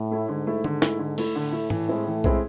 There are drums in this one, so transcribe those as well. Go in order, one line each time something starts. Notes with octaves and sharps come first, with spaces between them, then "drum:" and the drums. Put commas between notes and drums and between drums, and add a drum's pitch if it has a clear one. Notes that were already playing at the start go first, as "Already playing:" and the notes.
Already playing: A2
A3 E4
G#2 D3
A3 E4
D3, drum: tom
A3 E4, drum: snare
D3
A3 E4, drum: cymbal
A2 D3
A3 E4
A2 E3, drum: tom G#2
G#3 C4 E4
E3
G#3 C4 E4, drum: kick B1